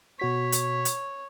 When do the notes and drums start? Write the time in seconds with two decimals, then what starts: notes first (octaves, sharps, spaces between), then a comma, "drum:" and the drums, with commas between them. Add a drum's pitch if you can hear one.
0.19 B2 F#4 C#5 B6
0.52 drum: hi-hat
0.85 drum: hi-hat